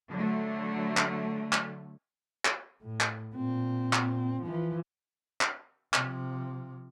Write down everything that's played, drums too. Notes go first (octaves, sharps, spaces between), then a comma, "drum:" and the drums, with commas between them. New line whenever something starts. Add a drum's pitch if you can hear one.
D3 F#3 A3
drum: clap
drum: clap
drum: clap
A2
drum: clap
A#2 C4
drum: clap
E3 F3
drum: clap
C3 F3, drum: clap